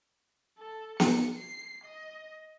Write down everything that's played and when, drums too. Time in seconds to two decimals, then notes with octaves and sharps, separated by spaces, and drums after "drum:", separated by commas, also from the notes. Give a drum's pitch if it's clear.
0.58 A4
1.00 C#7, drum: snare
1.38 C7
1.84 D#5